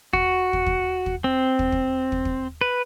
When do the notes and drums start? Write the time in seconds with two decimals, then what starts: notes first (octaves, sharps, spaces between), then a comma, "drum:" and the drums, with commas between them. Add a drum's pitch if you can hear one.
0.13 F#4, drum: kick
0.53 drum: kick
0.66 drum: kick
1.06 drum: kick
1.24 C4
1.59 drum: kick
1.72 drum: kick
2.12 drum: kick
2.25 drum: kick
2.61 B4